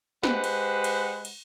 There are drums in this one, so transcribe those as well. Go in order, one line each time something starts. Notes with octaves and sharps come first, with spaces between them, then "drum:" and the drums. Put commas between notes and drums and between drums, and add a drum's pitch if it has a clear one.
G#3 G4 B4 C5 F#5, drum: snare
drum: cymbal
drum: cymbal
drum: cymbal